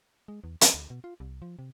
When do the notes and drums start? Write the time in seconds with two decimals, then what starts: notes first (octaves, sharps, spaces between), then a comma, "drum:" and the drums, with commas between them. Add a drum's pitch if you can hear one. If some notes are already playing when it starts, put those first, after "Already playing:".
0.28 G#3
0.44 E2
0.61 C4, drum: hi-hat
0.74 D2
0.90 B2
1.04 F4
1.20 C2
1.42 F3
1.59 C3